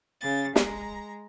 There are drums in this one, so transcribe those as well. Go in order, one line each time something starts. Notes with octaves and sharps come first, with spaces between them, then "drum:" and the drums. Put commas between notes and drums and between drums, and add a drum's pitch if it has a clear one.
C#3 A6
G#3 A#5, drum: snare